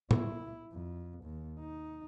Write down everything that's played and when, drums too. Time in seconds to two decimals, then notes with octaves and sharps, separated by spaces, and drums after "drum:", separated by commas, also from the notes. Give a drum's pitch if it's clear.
0.11 E4, drum: tom
0.73 F2
1.25 D#2
1.60 D#4